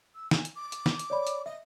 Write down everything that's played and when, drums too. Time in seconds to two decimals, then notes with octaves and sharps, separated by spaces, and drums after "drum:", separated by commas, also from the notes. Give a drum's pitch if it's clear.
0.15 E6
0.31 G#5, drum: snare
0.45 drum: hi-hat
0.56 D6
0.72 drum: hi-hat
0.86 drum: snare
0.99 drum: hi-hat
1.10 C#5 D5 B5
1.27 drum: hi-hat
1.46 D#5 E5